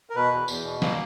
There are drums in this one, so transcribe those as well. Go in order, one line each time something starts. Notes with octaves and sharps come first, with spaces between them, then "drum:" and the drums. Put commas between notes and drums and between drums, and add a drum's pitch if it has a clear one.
A#4
B2 B4
E2
E2, drum: tambourine
B2
A#3, drum: snare